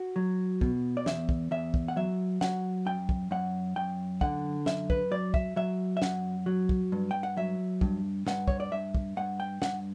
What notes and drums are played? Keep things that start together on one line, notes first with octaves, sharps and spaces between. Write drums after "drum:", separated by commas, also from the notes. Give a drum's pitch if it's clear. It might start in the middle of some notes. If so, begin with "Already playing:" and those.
Already playing: F#4
F#3
B2, drum: kick
D5
E2 E5, drum: snare
drum: kick
E2 E5
drum: kick
F#5
F#3 E5
F#3 F#5, drum: snare
F#2 G5
drum: kick
F#2 F#5
F#2 G5
D3 F#5, drum: kick
F#2 E5, drum: snare
B4, drum: kick
F#3 D5
E5, drum: kick
F#3 E5
E5
F#2 F#5, drum: snare
F#3
drum: kick
G2
G5
F#5
F#3 E5
G2, drum: kick
G2 F#5, drum: snare
C#5, drum: kick
D5
G2 E5
drum: kick
G2 F#5
G5
G2 F#5, drum: snare